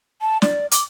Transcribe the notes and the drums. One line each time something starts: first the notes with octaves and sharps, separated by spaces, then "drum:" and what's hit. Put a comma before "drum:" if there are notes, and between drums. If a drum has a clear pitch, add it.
A5
D5, drum: snare
D6, drum: hi-hat